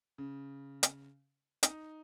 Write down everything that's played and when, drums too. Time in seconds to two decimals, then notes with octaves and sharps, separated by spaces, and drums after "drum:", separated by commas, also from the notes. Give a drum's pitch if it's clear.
0.18 C#3
0.83 drum: hi-hat
1.63 D#4, drum: hi-hat